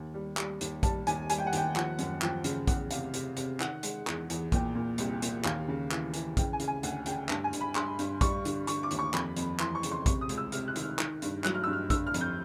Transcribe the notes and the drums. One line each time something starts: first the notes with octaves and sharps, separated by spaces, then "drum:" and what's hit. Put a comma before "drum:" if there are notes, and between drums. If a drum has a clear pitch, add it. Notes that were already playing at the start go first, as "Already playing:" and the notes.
Already playing: D#2
G3
G3, drum: clap
D#2, drum: hi-hat
G3 A5, drum: kick A#1, hi-hat
D#2 G#5, drum: hi-hat
G3 G#5, drum: hi-hat
G5
F#5
D#2 G5, drum: hi-hat
F3 F#5, drum: clap
F#2, drum: hi-hat
F3 G5, drum: clap
C#3, drum: hi-hat
E2 F#5, drum: kick A#1, hi-hat
C3 F5, drum: hi-hat
C3, drum: hi-hat
C3, drum: hi-hat
D#3 F#5, drum: clap
G#3, drum: hi-hat
E2, drum: clap
E2, drum: hi-hat
A#2 G5, drum: kick A#1, hi-hat
A#2
C2, drum: hi-hat
A#2, drum: hi-hat
D#2 F5, drum: clap
C#3
E3, drum: clap
E3, drum: hi-hat
C#3 G5, drum: kick A#1, hi-hat
G#5
C#3, drum: hi-hat
G#5
D2 F#5, drum: hi-hat
C#3 G5, drum: hi-hat
G2 A5, drum: clap
G#5
G2, drum: hi-hat
B5
G2 C6, drum: clap
G2, drum: hi-hat
G3 C#6, drum: kick A#1, hi-hat
D3, drum: hi-hat
D3 C#6, drum: hi-hat
D6
D#2, drum: hi-hat
C#6
F2 B5, drum: clap
F2, drum: hi-hat
E3 C6, drum: clap
C#6
C#3, drum: hi-hat
C6
C3 C#6, drum: kick A#1, hi-hat
D#6
C#2, drum: hi-hat
E6
C3 F6, drum: hi-hat
F#6
D#3, drum: hi-hat
F6
D#3, drum: clap
G2, drum: hi-hat
F#3 F#6, drum: clap
F6
G2 E6
F6
D3 E6, drum: kick A#1, hi-hat
F6
F2, drum: hi-hat
G6